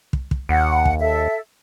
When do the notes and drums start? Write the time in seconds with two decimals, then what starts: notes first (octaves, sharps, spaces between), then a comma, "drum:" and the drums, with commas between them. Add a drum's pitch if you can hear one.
0.13 drum: kick
0.31 drum: kick
0.49 D#2 F#5
0.85 drum: kick
0.99 A4 E5